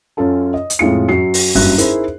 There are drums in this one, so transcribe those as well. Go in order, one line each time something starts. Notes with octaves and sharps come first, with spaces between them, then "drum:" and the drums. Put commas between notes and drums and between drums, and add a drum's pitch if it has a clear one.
F#2 C#4 F4 A4 A5
D#5
drum: hi-hat
F2 A2 G#3 F4 C#7
F#2 F#3 C7
drum: open hi-hat
F#1 G2 F#3 E5 F#6, drum: kick, open hi-hat
D#4 E4 G#4 A#4 C5, drum: hi-hat